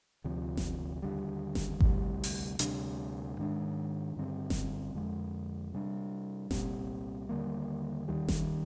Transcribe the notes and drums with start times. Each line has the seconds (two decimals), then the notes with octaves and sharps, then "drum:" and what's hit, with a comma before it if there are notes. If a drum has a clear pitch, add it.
0.24 D2 C3 F3
0.57 drum: snare F#1
1.02 D#2 D3 G3
1.55 drum: snare F#1
1.80 D2 C3 G3, drum: kick G#1
2.24 drum: open hi-hat
2.59 D2 C3 G3 D4, drum: hi-hat
3.37 G#2 D#3 G#3 D4
4.16 G2 D3 G3 C4
4.50 drum: snare F#1
4.94 F2 D3 G#3
5.73 C3 G3 D4
6.51 C2 A#2 G3 C4, drum: snare F#1
7.29 D#2 D3 G3 A#3
8.08 D#2 D#3 G3
8.28 drum: snare F#1